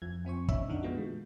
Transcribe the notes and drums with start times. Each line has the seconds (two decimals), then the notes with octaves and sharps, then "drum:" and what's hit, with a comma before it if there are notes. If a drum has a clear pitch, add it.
0.02 F2 F3 G#6
0.25 F2 C4 C5 C#6
0.48 C#4 D#4 C#5 E5, drum: kick
0.68 F2 D3 D4 D#4 F#5
0.83 D3 G#3 B3 F4 F#4
0.96 A#2 E3 G#3